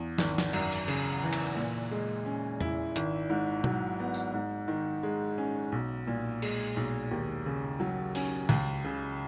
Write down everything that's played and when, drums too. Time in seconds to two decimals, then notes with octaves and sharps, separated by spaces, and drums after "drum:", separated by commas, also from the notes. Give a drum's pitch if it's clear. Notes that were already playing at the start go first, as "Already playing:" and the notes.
Already playing: E2
0.18 G#1, drum: snare
0.38 drum: snare
0.53 F#2, drum: cymbal
0.72 drum: open hi-hat
0.88 C#3, drum: cymbal
1.22 E3
1.33 drum: cymbal
1.57 A#2
1.91 G#3
2.25 C#4
2.61 E4, drum: tom E2
2.96 G#1, drum: hi-hat
3.30 G#2
3.64 F#3, drum: tom B2
3.99 B3
4.14 drum: tambourine
4.33 G#2
4.68 D#3
5.03 G#3
5.38 C#4
5.72 B1
6.07 A#2
6.42 G#3, drum: cymbal
6.76 B1
7.11 D#2
7.46 C#3
7.80 F#3
8.15 C#4, drum: open hi-hat
8.49 C#2, drum: open hi-hat
8.84 C#3